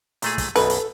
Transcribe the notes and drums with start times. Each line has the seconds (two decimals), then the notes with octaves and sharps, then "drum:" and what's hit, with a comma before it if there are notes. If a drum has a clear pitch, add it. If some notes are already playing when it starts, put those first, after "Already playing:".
0.22 A#2 A3 G#4, drum: hi-hat
0.38 drum: kick, hi-hat
0.56 B1 F#2 B2 A4 B4, drum: hi-hat
0.70 drum: hi-hat